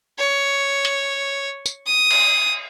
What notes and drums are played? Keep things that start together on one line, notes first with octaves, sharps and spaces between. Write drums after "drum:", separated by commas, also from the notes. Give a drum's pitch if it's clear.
C#5
drum: hi-hat
drum: tambourine
D#6
drum: cymbal